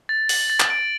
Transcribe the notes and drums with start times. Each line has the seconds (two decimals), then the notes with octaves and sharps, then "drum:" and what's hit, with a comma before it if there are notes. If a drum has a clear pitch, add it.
0.09 A6
0.29 F#7, drum: open hi-hat
0.50 A6
0.60 drum: clap
0.70 D7